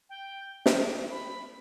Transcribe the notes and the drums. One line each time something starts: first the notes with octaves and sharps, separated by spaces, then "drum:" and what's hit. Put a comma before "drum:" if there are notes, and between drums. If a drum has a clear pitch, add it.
G5
drum: snare
B5